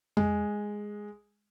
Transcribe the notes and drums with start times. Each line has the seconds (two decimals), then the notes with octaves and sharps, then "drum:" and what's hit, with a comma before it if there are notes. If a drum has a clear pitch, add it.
0.17 G#3, drum: tom E2